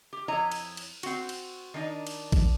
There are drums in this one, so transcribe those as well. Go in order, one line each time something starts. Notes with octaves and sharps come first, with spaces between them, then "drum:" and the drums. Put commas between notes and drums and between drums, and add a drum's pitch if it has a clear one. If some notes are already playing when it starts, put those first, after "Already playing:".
G4
F2 E4 C#5 D#5 A#5
drum: cymbal
drum: cymbal
C4 F#4, drum: cymbal
drum: cymbal
D#3 D4 D#4
drum: cymbal
drum: kick A1, cymbal